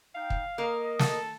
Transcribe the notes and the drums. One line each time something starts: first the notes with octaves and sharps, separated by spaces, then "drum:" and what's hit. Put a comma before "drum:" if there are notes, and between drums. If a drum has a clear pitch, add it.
D#4 F5 G5
drum: kick
A#3 A#4 D#5
A4, drum: snare